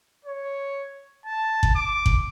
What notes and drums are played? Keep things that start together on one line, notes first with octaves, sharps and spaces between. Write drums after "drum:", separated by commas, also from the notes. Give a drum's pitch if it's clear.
C#5
A5
drum: kick G1
D6
drum: kick G1